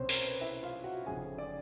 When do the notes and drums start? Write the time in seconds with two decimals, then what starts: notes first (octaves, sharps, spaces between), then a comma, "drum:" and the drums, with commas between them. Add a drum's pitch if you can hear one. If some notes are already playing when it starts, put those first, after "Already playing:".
Already playing: C2 B2 C4 C#4 C5 C#5
0.09 A#4, drum: open hi-hat
0.19 C5
0.25 B4
0.41 E4 E5
0.63 F4 F5
0.84 F#4 F#5
1.06 F1 F2 C#3 G#4 G#5
1.38 D5 D6